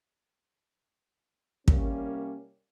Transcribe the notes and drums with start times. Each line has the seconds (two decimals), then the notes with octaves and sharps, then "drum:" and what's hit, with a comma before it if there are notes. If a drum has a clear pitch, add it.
1.68 C2 G3 A#3 C#4, drum: kick